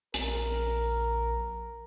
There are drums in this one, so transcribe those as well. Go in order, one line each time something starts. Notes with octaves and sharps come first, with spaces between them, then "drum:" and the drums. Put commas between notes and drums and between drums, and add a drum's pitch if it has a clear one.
A#1 A#4, drum: hi-hat